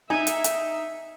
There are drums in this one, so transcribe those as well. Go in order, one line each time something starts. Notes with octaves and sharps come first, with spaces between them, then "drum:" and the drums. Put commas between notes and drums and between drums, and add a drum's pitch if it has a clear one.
D#4 E5 G#5
drum: hi-hat
drum: hi-hat